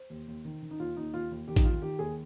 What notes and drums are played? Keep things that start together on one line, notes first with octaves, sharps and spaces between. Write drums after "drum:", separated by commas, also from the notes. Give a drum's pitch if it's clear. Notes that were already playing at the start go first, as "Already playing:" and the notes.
Already playing: C5
D#2
D#2
D#3
D#3
D#4
D#2 F4
D#2 D#4
D#2 F4
D#2
D#3 G4
D#4, drum: kick A1, hi-hat
D#3 F4
D#3 G4
D#2 G#4